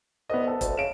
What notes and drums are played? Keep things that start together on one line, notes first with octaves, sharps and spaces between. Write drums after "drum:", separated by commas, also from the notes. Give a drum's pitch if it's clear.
C2 B3 D#5
A4
D2, drum: kick E1, hi-hat
C#3 D7 E7